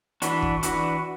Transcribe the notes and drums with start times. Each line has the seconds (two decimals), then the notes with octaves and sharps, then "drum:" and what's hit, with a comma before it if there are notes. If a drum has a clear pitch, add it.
0.22 E3 D4 F#4 B4, drum: hi-hat
0.42 drum: kick
0.63 E3 D4 F#4 B4, drum: hi-hat